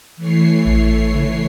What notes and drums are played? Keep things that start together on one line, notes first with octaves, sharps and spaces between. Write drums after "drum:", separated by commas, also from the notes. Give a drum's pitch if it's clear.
E3 A3 C#5 C7
drum: kick A1
drum: tom C3